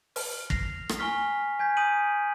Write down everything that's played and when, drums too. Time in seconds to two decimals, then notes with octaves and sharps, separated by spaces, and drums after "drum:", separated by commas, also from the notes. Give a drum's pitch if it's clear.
0.16 F6, drum: open hi-hat
0.50 A#6 C7 F7, drum: kick
0.89 drum: rim click
0.99 G#5 A#5 C#6 F6 B6
1.59 G#5 G6 G#6 B6
1.77 A#5 D#6 G6 D7 D#7 F#7